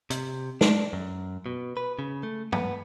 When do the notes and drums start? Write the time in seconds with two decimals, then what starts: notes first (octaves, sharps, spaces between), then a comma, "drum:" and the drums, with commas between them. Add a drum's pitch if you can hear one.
0.10 C3, drum: hi-hat
0.61 D4, drum: snare
0.93 F#2
1.46 B2
1.77 B4
1.99 C#3
2.23 A3
2.52 B3, drum: tom G2